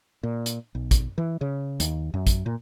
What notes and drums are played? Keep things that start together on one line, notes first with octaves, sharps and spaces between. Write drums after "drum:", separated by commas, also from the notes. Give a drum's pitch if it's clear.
A#2
drum: hi-hat
B1
drum: kick, hi-hat
E3
C#3
D#2, drum: hi-hat
F#2
drum: kick, hi-hat
A#2